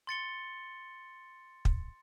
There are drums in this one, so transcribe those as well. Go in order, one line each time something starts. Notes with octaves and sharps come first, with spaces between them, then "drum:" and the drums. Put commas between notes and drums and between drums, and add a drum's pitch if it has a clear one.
C6 A6 C#7 G7
drum: kick